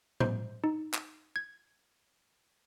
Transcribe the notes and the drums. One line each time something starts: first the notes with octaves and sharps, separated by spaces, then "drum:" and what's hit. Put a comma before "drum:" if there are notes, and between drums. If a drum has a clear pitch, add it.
C5, drum: tom A2
D#4
drum: clap
G#6